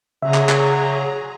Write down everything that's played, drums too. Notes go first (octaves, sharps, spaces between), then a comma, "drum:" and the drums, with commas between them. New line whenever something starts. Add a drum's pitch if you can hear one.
A#2 C#3 F#3 G#4 E5 A#5
drum: clap
drum: clap